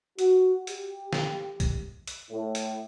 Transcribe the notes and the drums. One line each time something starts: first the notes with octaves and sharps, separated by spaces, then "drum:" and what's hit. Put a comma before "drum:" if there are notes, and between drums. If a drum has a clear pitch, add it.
F#4, drum: hi-hat
G4, drum: hi-hat
drum: snare
drum: kick, hi-hat
drum: hi-hat
A2
drum: hi-hat